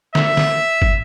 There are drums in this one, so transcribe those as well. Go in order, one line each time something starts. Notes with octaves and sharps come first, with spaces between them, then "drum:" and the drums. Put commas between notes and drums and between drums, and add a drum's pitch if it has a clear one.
E5, drum: snare
drum: snare
drum: kick